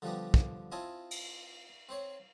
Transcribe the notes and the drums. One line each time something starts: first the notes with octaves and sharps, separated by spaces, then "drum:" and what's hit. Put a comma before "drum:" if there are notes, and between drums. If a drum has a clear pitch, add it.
D3 F3 G3 B3 G4
drum: kick
C4 E4 F4 D#5 G#5 A5
drum: cymbal
C4 C5 C#5